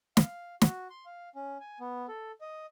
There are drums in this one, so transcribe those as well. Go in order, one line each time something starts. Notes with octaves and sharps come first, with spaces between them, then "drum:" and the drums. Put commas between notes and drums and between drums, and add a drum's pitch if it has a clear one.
F5, drum: snare
F#4, drum: snare
C6
F5
C#4
G#5
B3
A4
D#5